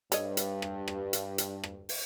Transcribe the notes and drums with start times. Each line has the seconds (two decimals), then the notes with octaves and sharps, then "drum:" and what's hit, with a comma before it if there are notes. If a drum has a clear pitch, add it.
0.12 G2 A4 C#5 D#5, drum: hi-hat
0.37 drum: hi-hat
0.62 drum: rim click
0.88 drum: rim click
1.13 drum: hi-hat
1.38 drum: hi-hat
1.64 drum: rim click
1.89 drum: open hi-hat